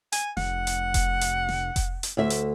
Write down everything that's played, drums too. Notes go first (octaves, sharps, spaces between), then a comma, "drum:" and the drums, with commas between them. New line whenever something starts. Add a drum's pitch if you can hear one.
G#5, drum: hi-hat
F1 F#5, drum: snare
drum: hi-hat
drum: kick F1, hi-hat
drum: hi-hat
drum: snare
drum: kick F1, hi-hat
drum: hi-hat
D2 E5
drum: hi-hat